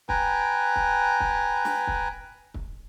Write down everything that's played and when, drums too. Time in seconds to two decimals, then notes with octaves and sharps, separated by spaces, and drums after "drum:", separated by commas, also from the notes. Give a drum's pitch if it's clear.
0.09 B4 G5 G#5 A#5, drum: kick
0.76 drum: kick
1.20 drum: kick
1.65 drum: snare
1.87 drum: kick
2.54 drum: kick